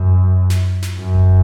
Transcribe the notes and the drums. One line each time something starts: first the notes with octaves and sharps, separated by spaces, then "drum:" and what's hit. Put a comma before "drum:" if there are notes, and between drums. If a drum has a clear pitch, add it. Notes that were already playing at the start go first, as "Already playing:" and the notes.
Already playing: F#2
drum: snare
drum: snare
F#2
drum: kick E1